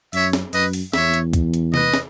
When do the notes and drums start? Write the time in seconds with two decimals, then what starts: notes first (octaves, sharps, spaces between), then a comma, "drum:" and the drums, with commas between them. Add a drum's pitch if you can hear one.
0.13 F#2 C#5 E5, drum: open hi-hat
0.33 drum: snare
0.53 F#2 B4 D#5, drum: open hi-hat
0.73 drum: open hi-hat
0.93 E2 C#5 E5, drum: snare
1.13 drum: hi-hat
1.33 drum: kick C#2, hi-hat
1.54 drum: hi-hat
1.74 B4 D#5, drum: tom C3
1.94 drum: snare